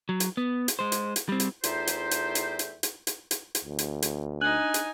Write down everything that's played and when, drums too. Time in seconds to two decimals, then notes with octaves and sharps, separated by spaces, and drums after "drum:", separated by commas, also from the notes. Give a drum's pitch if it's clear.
0.09 F#3
0.20 drum: hi-hat
0.37 B3
0.68 drum: hi-hat
0.79 G#3 C5
0.92 drum: hi-hat
1.16 drum: hi-hat
1.29 G3 C4
1.40 drum: hi-hat
1.64 E2 A3 D#4 F4 G4 C5, drum: hi-hat
1.87 drum: hi-hat
2.11 drum: hi-hat
2.35 drum: hi-hat
2.59 drum: hi-hat
2.83 drum: hi-hat
3.07 drum: hi-hat
3.31 drum: hi-hat
3.55 drum: hi-hat
3.64 D2
3.79 drum: hi-hat
4.02 drum: hi-hat
4.41 D4 D#4 G#5 F#6 F#7
4.74 drum: hi-hat